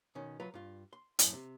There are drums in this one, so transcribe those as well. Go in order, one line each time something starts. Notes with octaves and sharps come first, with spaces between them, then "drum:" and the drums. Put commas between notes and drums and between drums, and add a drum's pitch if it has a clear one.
B2 D#3 C#4
C#2 F#3 F4 B4 A#5
G2 F4
C6
F#2 A2 D3 A#3 E4, drum: hi-hat
C3